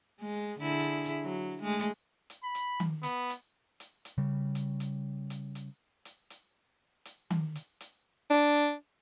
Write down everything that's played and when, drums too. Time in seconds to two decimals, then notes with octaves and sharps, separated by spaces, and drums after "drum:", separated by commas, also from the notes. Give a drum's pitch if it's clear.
0.21 G#3
0.60 D3 E4 G#4
0.80 drum: hi-hat
1.05 drum: hi-hat
1.23 F#3
1.62 G#3 A3
1.80 drum: hi-hat
2.30 drum: hi-hat
2.44 B5
2.55 drum: hi-hat
2.80 drum: tom D#3
3.03 B3, drum: hi-hat
3.30 drum: hi-hat
3.80 drum: hi-hat
4.05 drum: hi-hat
4.18 C#3 G3
4.55 drum: hi-hat
4.80 drum: hi-hat
5.30 drum: hi-hat
5.55 drum: hi-hat
6.05 drum: hi-hat
6.30 drum: hi-hat
7.05 drum: hi-hat
7.30 drum: tom D#3
7.56 drum: hi-hat
7.81 drum: hi-hat
8.31 D4, drum: hi-hat
8.56 drum: hi-hat